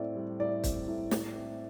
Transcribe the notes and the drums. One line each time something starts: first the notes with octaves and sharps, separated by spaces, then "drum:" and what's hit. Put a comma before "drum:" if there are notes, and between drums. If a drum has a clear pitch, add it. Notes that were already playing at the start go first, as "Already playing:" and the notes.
Already playing: A2 C4 D5
G3
A2 D5
C4, drum: kick, hi-hat
A2
A3, drum: snare
C4